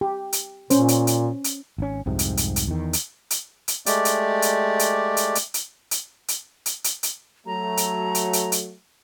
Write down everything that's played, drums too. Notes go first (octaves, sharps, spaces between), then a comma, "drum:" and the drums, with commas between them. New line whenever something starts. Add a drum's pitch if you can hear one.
G4
drum: hi-hat
A#2 C#4 C5, drum: hi-hat
drum: hi-hat
drum: hi-hat
drum: hi-hat
G#1 C#4
C2 F2 G#2 C3
drum: hi-hat
drum: hi-hat
drum: hi-hat
E2 D#3
drum: hi-hat
drum: hi-hat
drum: hi-hat
G#3 A3 G4 D5, drum: hi-hat
drum: hi-hat
drum: hi-hat
drum: hi-hat
drum: hi-hat
drum: hi-hat
drum: hi-hat
drum: hi-hat
drum: hi-hat
drum: hi-hat
drum: hi-hat
drum: hi-hat
F#3 A3 A#5
drum: hi-hat
drum: hi-hat
drum: hi-hat
drum: hi-hat